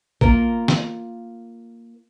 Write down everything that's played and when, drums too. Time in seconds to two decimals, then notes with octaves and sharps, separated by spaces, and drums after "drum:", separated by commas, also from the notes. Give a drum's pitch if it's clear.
0.21 A#3 F4 A#4, drum: kick A1
0.68 drum: snare